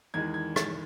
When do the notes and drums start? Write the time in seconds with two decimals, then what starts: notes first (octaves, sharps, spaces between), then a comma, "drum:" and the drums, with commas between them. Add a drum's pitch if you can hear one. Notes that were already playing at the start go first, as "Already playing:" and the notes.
0.14 E2 D#3 G#3 G#6
0.34 G#6
0.56 A6, drum: rim click